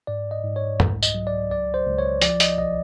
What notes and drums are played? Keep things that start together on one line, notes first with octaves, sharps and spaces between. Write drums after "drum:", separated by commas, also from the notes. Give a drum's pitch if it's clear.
G#2 D5
D#5
G#2
C#5
C2, drum: tom
D#5, drum: tambourine
F#3
D5
C#2 D5
C5
C#2
C#5
F3 D5, drum: hi-hat
D#5, drum: hi-hat
B1 D#5